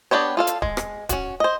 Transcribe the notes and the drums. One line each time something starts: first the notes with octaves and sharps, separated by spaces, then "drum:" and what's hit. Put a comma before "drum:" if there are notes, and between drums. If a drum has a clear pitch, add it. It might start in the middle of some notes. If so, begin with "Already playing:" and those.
B3 D4 G4 C5 C#5
F4 A4 F5
drum: hi-hat
G#3, drum: kick D1
drum: rim click
C#4 F#4, drum: kick D1, hi-hat
C5 D#5